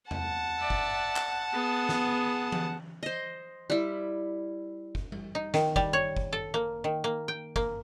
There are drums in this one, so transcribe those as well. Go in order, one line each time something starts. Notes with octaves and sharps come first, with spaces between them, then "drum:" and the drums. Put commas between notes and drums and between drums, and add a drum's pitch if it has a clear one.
F#5 A5, drum: tom E2
D5 E5
drum: kick F#1
drum: clap
B3 G#4
drum: snare
drum: tom E3
C5 D#5
G3 E4
drum: kick F#1
drum: tom G3
D#4
D#3, drum: snare
G3, drum: kick F#1
C#5
drum: kick F#1
A4
A#3
D#3
A#3
G5
A#3, drum: kick F#1